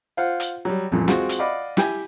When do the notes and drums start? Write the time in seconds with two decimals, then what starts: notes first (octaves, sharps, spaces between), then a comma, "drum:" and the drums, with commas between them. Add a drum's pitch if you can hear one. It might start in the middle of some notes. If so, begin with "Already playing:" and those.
0.17 F4 C5 F5 F#5
0.40 drum: hi-hat
0.65 F#3 G3
0.91 C2 F2 A#2 C#3 E3
1.08 G#3 C4 F4 F#4, drum: snare
1.29 drum: hi-hat
1.39 D5 D#5 F5 F#5 B5 D6
1.77 E4 G4 G5 G#5, drum: snare